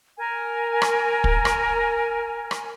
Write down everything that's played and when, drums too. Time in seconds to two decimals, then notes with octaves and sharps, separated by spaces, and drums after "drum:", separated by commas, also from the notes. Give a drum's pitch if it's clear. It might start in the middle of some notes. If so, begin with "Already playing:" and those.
0.18 A#4 G#5
0.82 drum: rim click
1.24 drum: kick
1.45 drum: rim click
2.51 drum: rim click